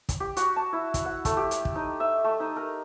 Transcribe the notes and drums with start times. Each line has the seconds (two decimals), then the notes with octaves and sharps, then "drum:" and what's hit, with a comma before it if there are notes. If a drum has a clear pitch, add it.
0.09 drum: kick, hi-hat
0.20 G4
0.37 F#4, drum: hi-hat
0.56 A5
0.73 E4
0.94 drum: kick, hi-hat
1.05 F#5
1.25 A3, drum: kick, hi-hat
1.37 G4
1.51 drum: hi-hat
1.65 drum: kick
1.75 D#4
2.00 E5
2.24 A3
2.40 D#4
2.56 A#4